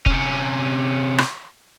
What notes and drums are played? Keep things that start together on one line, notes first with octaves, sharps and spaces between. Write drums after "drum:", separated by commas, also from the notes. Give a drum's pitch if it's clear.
C3 C#4, drum: kick F1
drum: rim click